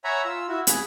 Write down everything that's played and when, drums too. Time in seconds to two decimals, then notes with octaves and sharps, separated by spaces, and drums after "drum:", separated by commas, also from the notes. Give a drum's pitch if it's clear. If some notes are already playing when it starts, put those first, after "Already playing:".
0.04 C#5 E5 F#5 G#5 A#5 B5
0.25 F4 E6
0.48 E4 F#4
0.67 G#4 B5 F#6, drum: hi-hat